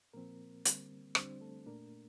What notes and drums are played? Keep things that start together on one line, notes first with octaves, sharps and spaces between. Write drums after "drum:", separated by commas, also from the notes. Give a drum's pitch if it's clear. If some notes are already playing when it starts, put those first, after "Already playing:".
A#2 F3 A#3 C4 A#4
D3 G3 C4, drum: hi-hat
D3 G3 C4 D4 C5, drum: rim click
A3 A4
A#2 A3 A#3 D4 A#4